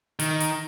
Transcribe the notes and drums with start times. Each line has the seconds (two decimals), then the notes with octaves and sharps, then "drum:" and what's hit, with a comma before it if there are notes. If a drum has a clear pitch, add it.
0.19 D#3, drum: hi-hat
0.40 drum: hi-hat